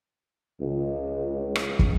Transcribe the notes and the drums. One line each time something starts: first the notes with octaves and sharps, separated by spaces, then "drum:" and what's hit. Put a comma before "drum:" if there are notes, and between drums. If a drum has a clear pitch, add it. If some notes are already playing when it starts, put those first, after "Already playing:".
C#2
drum: rim click
drum: kick